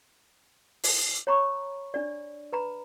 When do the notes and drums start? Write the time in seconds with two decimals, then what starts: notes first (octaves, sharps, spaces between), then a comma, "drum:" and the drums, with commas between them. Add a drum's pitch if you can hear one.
0.84 drum: open hi-hat
1.27 C#5 A#5 B5 C#6
1.94 D4 D5
2.53 B4 A#5 B5